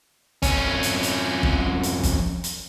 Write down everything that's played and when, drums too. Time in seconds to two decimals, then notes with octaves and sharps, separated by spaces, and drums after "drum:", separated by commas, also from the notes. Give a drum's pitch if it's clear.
0.43 F2 C#4, drum: kick G1, hi-hat
0.83 drum: hi-hat
1.03 drum: hi-hat
1.43 drum: kick G1
1.83 drum: hi-hat
2.03 drum: kick G1, hi-hat
2.44 drum: hi-hat